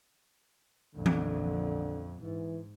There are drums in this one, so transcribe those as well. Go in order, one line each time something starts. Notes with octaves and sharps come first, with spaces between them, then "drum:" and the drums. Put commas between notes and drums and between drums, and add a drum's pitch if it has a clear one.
A#1 F2 D3
drum: tom E3
G#2 E3